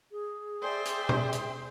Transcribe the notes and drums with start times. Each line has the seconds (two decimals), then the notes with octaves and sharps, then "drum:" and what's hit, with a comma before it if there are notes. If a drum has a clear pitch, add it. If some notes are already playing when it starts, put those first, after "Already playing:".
0.12 G#4
0.62 C5 D5 E5 G5 G#5 C6
0.85 drum: hi-hat
1.09 drum: tom B2
1.33 drum: hi-hat